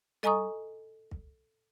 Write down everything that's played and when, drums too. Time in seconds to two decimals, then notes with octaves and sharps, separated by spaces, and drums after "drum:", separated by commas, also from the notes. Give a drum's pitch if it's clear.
0.23 A4 D#5 G#5 A#5 C#6 D#6, drum: tom G3
1.11 drum: kick